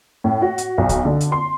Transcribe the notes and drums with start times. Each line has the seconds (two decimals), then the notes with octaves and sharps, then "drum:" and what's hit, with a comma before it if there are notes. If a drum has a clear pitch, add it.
0.24 A2
0.42 F#4
0.58 drum: hi-hat
0.78 B1
0.89 drum: kick C#2, hi-hat
1.05 D3
1.21 drum: hi-hat
1.32 C6